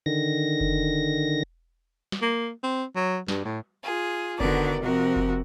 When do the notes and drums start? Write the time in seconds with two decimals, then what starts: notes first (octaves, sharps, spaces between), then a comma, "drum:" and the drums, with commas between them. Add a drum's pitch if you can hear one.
0.06 D3 D#3 A#6
0.60 drum: kick F1
2.12 drum: snare
2.22 A#3
2.63 C4
2.96 F#3
3.28 G2, drum: snare
3.45 A2
3.84 F4 G#4
4.40 D3 D#3 B3 F#4 A#4 D5, drum: kick F1
4.81 C3 F3 C4 F#4 A#4
5.16 drum: kick F1